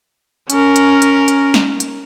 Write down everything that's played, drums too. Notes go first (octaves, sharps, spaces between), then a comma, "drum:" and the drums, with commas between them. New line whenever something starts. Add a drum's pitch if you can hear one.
C#4 A#4, drum: hi-hat
drum: hi-hat
drum: hi-hat
drum: hi-hat
drum: snare
drum: hi-hat